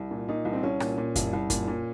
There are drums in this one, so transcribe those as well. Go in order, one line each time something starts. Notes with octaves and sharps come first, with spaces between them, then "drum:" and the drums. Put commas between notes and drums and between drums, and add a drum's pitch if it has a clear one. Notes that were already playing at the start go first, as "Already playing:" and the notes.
Already playing: C2
A#2
A#2 D#4
C2
C4
C2 C#4
A#2, drum: rim click
A#2
C2, drum: kick F#2, hi-hat
C2
A#2, drum: kick F#2, hi-hat
A#2